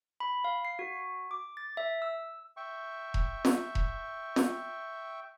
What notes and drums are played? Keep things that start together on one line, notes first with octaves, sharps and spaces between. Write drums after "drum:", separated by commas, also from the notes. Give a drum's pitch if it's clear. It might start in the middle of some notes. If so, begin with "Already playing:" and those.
B5
F5
C7
F#4
D6
A6
E5
E6
E5 G5 C#6
drum: kick E1
drum: snare
drum: kick E1
drum: snare